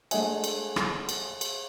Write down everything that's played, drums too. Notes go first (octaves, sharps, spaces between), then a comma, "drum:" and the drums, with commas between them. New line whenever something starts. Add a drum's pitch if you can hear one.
G#3 A3 D4 D#5 F#5 G#5, drum: cymbal
drum: cymbal
drum: rim click
drum: cymbal
drum: cymbal